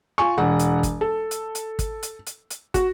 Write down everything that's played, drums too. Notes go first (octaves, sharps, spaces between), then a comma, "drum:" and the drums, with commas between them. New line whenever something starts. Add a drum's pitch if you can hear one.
F4 G#5 C#6
E1 F#5
drum: hi-hat
drum: kick, hi-hat
A4
drum: hi-hat
drum: hi-hat
drum: kick, hi-hat
drum: hi-hat
drum: hi-hat
drum: hi-hat
F#4, drum: kick, hi-hat